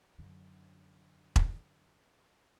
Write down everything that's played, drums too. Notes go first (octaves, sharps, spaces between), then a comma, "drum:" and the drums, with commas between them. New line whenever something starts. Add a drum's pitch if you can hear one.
F#2 D3
drum: kick E1